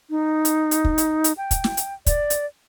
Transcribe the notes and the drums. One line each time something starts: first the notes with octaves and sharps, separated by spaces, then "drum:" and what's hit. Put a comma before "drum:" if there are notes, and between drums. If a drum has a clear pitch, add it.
D#4
drum: hi-hat
drum: hi-hat
drum: kick
drum: hi-hat
drum: hi-hat
G5
drum: kick, hi-hat
drum: snare
drum: hi-hat
D5, drum: kick, hi-hat
drum: hi-hat